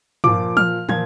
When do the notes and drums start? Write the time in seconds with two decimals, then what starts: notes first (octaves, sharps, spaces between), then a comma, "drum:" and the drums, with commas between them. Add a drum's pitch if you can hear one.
0.24 A#2 F3 D6, drum: tom
0.57 F6, drum: tom
0.89 A#2 F3 G#6, drum: tom